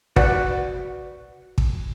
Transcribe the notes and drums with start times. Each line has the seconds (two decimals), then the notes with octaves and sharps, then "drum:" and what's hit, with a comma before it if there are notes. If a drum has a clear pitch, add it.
0.16 F#4 B4 D5 F#5, drum: kick
1.58 drum: kick